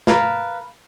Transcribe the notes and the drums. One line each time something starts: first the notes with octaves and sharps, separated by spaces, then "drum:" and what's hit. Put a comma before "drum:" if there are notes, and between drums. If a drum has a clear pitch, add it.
A#4 B4 F5 A5, drum: snare